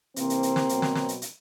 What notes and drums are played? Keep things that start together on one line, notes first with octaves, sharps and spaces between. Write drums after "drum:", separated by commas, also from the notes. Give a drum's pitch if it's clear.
C3 E3 A#3 C4, drum: hi-hat
drum: hi-hat
drum: hi-hat
drum: snare
B2 F#3, drum: hi-hat
drum: snare
drum: snare
drum: hi-hat
drum: hi-hat